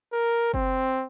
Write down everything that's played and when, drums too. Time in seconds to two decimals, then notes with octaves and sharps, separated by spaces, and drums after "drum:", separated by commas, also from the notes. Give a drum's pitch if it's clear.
0.12 A#4
0.54 C4, drum: kick F#1